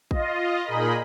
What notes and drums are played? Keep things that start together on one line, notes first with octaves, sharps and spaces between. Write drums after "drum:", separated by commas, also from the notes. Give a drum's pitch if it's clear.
F4 D#5, drum: kick A1
A#2 D#4 G#4 A#4 D#5 B5